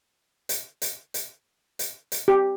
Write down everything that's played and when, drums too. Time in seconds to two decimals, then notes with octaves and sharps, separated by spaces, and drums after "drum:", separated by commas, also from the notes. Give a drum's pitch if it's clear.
0.49 drum: hi-hat
0.82 drum: hi-hat
1.14 drum: hi-hat
1.79 drum: hi-hat
2.12 drum: hi-hat
2.28 G4